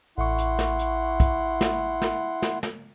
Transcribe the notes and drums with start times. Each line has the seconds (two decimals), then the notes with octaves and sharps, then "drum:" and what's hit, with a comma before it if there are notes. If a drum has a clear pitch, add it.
0.18 A1 E4 F#5 C6 C#6
0.38 drum: hi-hat
0.59 drum: snare
0.79 drum: hi-hat
1.20 drum: kick, hi-hat
1.61 drum: snare
2.02 drum: snare
2.42 drum: snare
2.63 drum: snare